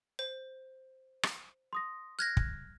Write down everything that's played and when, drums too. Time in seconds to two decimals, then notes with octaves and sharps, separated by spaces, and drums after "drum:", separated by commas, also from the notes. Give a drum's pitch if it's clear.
0.19 C5
1.23 drum: rim click
1.73 C6 D#6 A#6
2.19 F6 F#6 G#6 A#6
2.37 drum: kick